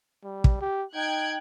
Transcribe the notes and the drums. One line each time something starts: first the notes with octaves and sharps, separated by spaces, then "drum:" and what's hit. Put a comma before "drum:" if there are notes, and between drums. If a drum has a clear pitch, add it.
G3
drum: kick
G4
D#4 G5 F#6 G#6